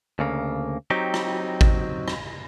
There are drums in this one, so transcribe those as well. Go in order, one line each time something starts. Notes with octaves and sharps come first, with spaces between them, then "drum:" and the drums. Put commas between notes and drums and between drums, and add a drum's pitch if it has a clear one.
D2 C#3 A#3
F#3 C4 D#4 G4
drum: rim click
drum: kick G#1
drum: rim click